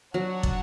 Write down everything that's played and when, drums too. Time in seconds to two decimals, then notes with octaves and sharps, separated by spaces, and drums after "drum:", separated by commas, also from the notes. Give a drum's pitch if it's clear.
0.14 F#3 D4 F#4 C#5 F#5 A5
0.43 drum: kick